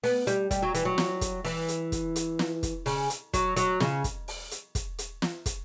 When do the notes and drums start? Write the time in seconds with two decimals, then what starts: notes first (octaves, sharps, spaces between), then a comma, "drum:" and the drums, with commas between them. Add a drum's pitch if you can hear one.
0.04 B3, drum: open hi-hat
0.27 G3, drum: hi-hat
0.51 G3, drum: kick, hi-hat
0.62 F#3
0.74 E3, drum: hi-hat
0.85 F#3
0.98 drum: snare
1.21 drum: kick, hi-hat
1.45 E3, drum: open hi-hat
1.68 drum: hi-hat
1.92 drum: kick, hi-hat
2.16 drum: hi-hat
2.39 drum: snare
2.63 drum: kick, hi-hat
2.86 C#3, drum: open hi-hat
3.10 drum: hi-hat
3.34 F#3, drum: kick, hi-hat
3.56 F#3, drum: hi-hat
3.80 C#3, drum: snare
4.04 drum: kick, hi-hat
4.28 drum: open hi-hat
4.51 drum: hi-hat
4.75 drum: kick, hi-hat
4.98 drum: hi-hat
5.22 drum: snare
5.46 drum: kick, hi-hat